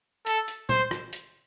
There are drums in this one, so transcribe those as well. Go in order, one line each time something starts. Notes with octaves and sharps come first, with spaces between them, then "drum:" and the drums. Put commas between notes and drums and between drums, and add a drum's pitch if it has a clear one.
A4, drum: hi-hat
drum: hi-hat
C5, drum: tom A#2
drum: rim click
drum: hi-hat